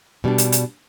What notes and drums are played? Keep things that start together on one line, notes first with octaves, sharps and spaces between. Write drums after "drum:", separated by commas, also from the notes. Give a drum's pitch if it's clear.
B2 G3 D4
drum: hi-hat
drum: hi-hat